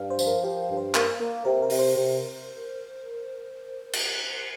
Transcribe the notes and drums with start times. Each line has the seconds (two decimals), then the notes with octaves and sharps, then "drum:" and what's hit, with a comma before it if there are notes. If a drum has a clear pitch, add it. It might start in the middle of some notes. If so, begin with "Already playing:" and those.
Already playing: G2 F5
0.10 C5
0.19 F3, drum: tambourine
0.27 A#4
0.44 F3 G4
0.69 G2
0.77 C5
0.95 A#3, drum: clap
1.19 A#3
1.45 C3 A#4
1.62 A#4
1.70 C3, drum: open hi-hat
1.79 C5
1.95 C3
3.93 drum: cymbal